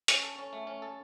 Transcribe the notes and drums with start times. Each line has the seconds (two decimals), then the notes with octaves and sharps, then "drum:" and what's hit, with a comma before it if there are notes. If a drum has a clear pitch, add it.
0.08 C#4, drum: hi-hat
0.23 A4
0.38 C#4
0.53 A3
0.67 C#4
0.82 A4